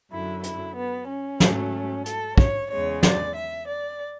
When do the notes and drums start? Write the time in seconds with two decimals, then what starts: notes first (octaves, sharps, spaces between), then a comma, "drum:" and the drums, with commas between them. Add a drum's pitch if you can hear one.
0.11 F#2 D3 F#3 E4
0.43 E4, drum: hi-hat
0.76 B3
1.08 C#4
1.40 G#2 F#3 A3, drum: snare
2.06 A4, drum: hi-hat
2.38 C#5, drum: kick
2.70 E2 C#3 G#3 C#5
3.03 D5, drum: snare
3.36 E5
3.67 D5